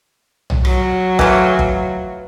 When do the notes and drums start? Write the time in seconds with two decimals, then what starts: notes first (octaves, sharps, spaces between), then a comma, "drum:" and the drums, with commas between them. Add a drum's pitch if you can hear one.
0.50 drum: tom
0.65 F#3, drum: rim click
1.19 E3 A3 F4, drum: kick
1.59 drum: kick